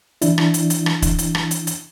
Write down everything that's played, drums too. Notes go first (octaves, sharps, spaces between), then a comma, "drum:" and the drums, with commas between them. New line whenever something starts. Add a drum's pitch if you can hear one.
E3 D4 E4, drum: hi-hat
drum: rim click
drum: hi-hat
drum: hi-hat
drum: rim click
drum: kick, hi-hat
drum: hi-hat
drum: rim click
drum: hi-hat
drum: hi-hat